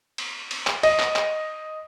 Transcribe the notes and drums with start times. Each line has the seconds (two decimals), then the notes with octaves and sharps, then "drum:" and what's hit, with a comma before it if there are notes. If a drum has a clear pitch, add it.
0.18 drum: cymbal
0.51 drum: cymbal
0.67 drum: clap
0.83 D#5, drum: cymbal
1.00 drum: clap
1.16 drum: clap